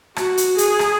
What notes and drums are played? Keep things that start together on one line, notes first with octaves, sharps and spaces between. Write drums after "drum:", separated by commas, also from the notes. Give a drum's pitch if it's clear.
F#4, drum: rim click
drum: hi-hat
G#4, drum: hi-hat
drum: rim click